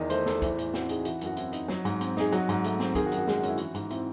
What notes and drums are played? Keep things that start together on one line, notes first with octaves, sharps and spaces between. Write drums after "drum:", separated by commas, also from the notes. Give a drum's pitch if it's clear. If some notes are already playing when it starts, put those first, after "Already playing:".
Already playing: E2 D#3 D#4 D#5
A3 C5, drum: hi-hat
E2 A4, drum: snare
E3 C5, drum: kick B1, hi-hat
A2, drum: hi-hat
C4 F#4, drum: snare
D#4 G#4, drum: hi-hat
E3 F#4, drum: hi-hat
F#2 F#4, drum: hi-hat
C4 E4, drum: hi-hat
D#4, drum: hi-hat
F#3, drum: snare
G#2, drum: hi-hat
C4, drum: hi-hat
D#4 G#4, drum: snare
F#3 F#4, drum: hi-hat
G#2, drum: hi-hat
A3, drum: hi-hat
C4, drum: snare
D#3 G#4, drum: kick B1, hi-hat
F#4
F#2, drum: hi-hat
F#4
G#3 G#4, drum: snare
F#4
C#4 E4, drum: hi-hat
E3 F#4, drum: hi-hat
G#2, drum: hi-hat
C4 E4, drum: hi-hat